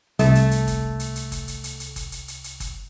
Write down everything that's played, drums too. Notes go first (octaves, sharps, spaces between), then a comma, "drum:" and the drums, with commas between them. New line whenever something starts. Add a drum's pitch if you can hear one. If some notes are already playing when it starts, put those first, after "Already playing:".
C2 A3, drum: hi-hat
drum: hi-hat
drum: hi-hat
drum: kick, hi-hat
drum: hi-hat
drum: hi-hat
drum: kick, hi-hat
drum: hi-hat
drum: hi-hat
drum: hi-hat
drum: kick, hi-hat
drum: hi-hat
drum: hi-hat
drum: hi-hat
drum: kick, hi-hat